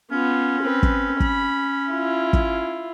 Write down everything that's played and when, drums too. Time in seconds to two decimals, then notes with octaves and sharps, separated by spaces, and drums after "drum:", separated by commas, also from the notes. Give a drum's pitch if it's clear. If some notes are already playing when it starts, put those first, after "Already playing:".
0.11 B3 C#4 F4
0.62 C4 B4
0.83 drum: kick
1.20 B5, drum: kick
1.91 E4 F4
2.33 drum: kick